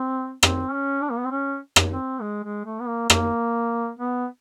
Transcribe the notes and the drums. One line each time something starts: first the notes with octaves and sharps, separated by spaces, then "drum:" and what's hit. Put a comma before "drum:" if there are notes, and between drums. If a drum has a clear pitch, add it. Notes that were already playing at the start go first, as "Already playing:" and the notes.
Already playing: C4
C4, drum: rim click
C#4
D4
A#3
B3
C4
C#4
drum: rim click
C4
G#3
G#3
A3
B3
A#3
A#3, drum: rim click
B3